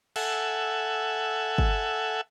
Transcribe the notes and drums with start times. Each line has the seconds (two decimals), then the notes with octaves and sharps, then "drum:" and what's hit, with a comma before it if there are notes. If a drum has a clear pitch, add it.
0.16 A4 E5 F#5 G#5, drum: cymbal
1.58 drum: kick